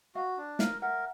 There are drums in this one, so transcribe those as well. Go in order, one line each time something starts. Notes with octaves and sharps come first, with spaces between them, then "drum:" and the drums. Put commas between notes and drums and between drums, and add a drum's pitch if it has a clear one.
F#4 D#5 F5
D4
A#4 D#5 F5, drum: snare
A#4 E5 F#5